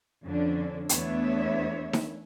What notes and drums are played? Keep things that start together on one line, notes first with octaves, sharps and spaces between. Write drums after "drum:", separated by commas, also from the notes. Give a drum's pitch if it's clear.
F2 D3 C#4 D4
E2 A3 B3 D4 C#5 E5, drum: hi-hat
drum: snare D#4